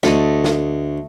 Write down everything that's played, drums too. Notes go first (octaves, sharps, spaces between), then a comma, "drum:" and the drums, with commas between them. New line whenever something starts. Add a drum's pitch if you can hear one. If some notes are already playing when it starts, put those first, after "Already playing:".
D2 A3 D#5, drum: snare
drum: snare